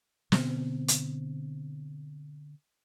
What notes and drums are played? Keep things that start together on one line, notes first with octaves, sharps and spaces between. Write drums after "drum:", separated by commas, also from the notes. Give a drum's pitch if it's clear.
B2 D3 B3 C4, drum: snare
drum: hi-hat